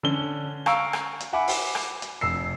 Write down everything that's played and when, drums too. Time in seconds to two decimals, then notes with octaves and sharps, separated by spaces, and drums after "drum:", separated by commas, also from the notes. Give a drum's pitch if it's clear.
0.03 D3 C#4 G7
0.66 F5 A#5 C#6 E6 D7, drum: rim click
0.93 drum: rim click
1.20 drum: hi-hat
1.33 E5 F#5 G#5 B5 D6
1.48 drum: open hi-hat
1.75 drum: rim click
2.02 drum: hi-hat
2.21 F1 E6 C7